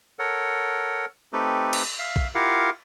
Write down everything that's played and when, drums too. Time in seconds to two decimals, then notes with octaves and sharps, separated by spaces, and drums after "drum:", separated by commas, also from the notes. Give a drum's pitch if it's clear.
0.19 A4 A#4 C#5 F#5
1.33 A3 C4 D#4 G4 A4 B4
1.73 drum: cymbal
1.99 E5 F5
2.16 drum: kick A#1
2.35 E4 F4 G4 A#4 F5 F#5